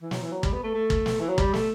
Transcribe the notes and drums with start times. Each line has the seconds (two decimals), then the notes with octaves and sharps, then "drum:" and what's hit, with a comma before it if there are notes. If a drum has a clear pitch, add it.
0.02 E3
0.11 F#3, drum: snare
0.22 E3
0.32 F#3
0.43 G3, drum: kick
0.53 B3
0.63 A3
0.74 A3
0.90 drum: kick
1.06 drum: snare
1.20 E3
1.29 F#3
1.38 G3, drum: kick
1.54 A3, drum: snare